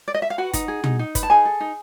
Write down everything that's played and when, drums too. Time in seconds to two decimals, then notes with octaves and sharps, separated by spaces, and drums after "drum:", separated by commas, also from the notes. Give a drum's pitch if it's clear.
0.08 D5
0.14 D#5
0.22 E5
0.30 F5
0.38 F#4 B4 F#5
0.53 D#4, drum: kick, hi-hat
0.68 G#4
0.84 D#4, drum: tom
0.99 D#4
1.15 B4, drum: kick, hi-hat
1.23 A5
1.30 D#4 G#4 G#5
1.45 A4
1.60 D#4